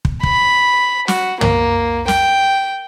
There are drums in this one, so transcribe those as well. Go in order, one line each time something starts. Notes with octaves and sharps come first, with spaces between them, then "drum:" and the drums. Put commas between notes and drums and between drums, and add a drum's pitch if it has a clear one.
drum: kick
B5, drum: kick
F#4, drum: snare
A#3, drum: tom
G5, drum: snare